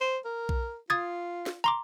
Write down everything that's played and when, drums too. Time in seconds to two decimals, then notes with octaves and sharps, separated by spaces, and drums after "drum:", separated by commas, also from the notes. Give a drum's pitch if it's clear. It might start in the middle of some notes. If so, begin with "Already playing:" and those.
0.01 C5
0.25 A#4
0.49 drum: kick B1
0.90 F4 D#6 G#6 A6
1.46 drum: snare
1.64 A#5 C6 D6